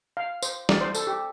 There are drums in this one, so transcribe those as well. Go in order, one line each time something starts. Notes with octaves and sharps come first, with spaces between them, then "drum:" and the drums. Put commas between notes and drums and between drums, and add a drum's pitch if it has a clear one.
F5
C5, drum: tambourine
D5, drum: snare
C5
A4, drum: tambourine
G4